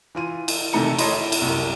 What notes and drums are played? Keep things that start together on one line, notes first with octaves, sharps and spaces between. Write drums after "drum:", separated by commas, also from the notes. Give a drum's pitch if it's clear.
E3 F4 D#7
drum: cymbal
C3 D#3 E3 A3 A#5 C#7
A4 C#5 D#5 B5 C6, drum: cymbal
E4
drum: cymbal
C2 F#2